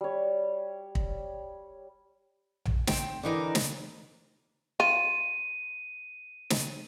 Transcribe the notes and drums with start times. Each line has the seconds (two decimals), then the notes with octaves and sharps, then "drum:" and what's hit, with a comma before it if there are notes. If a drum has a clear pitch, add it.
0.01 G3 C#5
0.95 drum: kick
2.65 drum: tom A#1
2.87 C4 G5, drum: snare
3.23 D3 E3 D4 D#4 A#4
3.55 drum: snare
4.80 F4 D#7
6.50 drum: snare